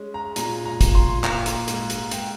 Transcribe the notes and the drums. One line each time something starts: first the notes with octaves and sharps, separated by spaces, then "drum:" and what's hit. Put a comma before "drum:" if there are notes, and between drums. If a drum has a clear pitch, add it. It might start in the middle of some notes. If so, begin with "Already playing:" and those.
Already playing: G#3 C#4
A#5
A#2 A#5, drum: hi-hat
A#5
A#2, drum: kick, hi-hat
C6
A#3 A#5, drum: clap
drum: hi-hat
G#2, drum: hi-hat
drum: hi-hat
G#2 G5, drum: hi-hat